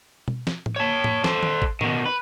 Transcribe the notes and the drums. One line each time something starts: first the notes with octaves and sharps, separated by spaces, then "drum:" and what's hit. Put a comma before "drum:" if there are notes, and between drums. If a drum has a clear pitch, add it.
drum: tom B2
drum: snare
drum: tom A2
C#5 A5
drum: tom A2
A4 C5, drum: snare
drum: tom D#3
drum: kick G#1
B2 D#3, drum: tom A2
B4